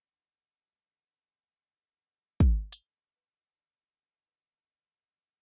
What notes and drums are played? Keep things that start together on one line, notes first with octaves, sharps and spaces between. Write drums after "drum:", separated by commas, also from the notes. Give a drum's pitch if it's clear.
B3 D#4 F#5 G5 C6 D6
F#5
G3 D#5 E5 A5 A#5 D6
G4 D#5 F#5 C6
G#5
D#5 F#5
drum: kick
drum: hi-hat
G4
B4
F4
G#5
D5
F#4
E4
G#4
B4
D#4
G3